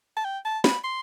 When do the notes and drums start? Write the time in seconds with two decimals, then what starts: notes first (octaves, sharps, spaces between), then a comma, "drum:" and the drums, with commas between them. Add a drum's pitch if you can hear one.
0.17 A5
0.25 G5
0.45 A5
0.64 B5, drum: snare
0.84 C6